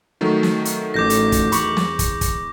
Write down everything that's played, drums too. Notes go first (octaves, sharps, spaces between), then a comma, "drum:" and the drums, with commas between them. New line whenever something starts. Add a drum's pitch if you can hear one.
D#3 F#3 A3
drum: snare
drum: hi-hat
A1 D6 G6 A#6
drum: hi-hat
drum: kick, hi-hat
E2 B5 C#6, drum: hi-hat
drum: snare
drum: kick, hi-hat
drum: kick, hi-hat